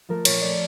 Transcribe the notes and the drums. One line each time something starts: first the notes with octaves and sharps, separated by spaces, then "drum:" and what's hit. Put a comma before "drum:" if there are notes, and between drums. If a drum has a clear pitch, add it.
F3 A3 A#4
A#2 C#5, drum: cymbal
A3 D5